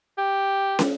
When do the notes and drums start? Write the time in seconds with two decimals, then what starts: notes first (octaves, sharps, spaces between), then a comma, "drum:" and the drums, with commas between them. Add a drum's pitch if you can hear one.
0.18 G4
0.79 drum: snare